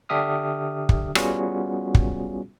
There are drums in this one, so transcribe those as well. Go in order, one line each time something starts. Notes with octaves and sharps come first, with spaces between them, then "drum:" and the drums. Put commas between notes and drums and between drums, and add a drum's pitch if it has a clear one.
D3 D4 G4 E5 D#6 F6
drum: kick
G3 B3 C#4 F4 F#4 G#4, drum: rim click
drum: kick